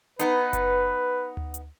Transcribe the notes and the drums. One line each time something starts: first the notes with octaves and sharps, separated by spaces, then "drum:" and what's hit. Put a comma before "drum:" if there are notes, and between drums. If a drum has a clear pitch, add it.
B3 D#4 B4, drum: hi-hat
drum: kick F#1, hi-hat
drum: tom D2
drum: hi-hat